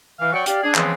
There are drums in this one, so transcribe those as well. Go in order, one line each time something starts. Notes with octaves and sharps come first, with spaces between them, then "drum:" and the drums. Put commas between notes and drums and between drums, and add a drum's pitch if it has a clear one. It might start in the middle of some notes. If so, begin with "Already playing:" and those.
E3 F5
F#3 D5 G5 C#6
G4 D5 F5, drum: hi-hat
D4 G#4
C#3 E3 F3 G#3 B3 C4, drum: clap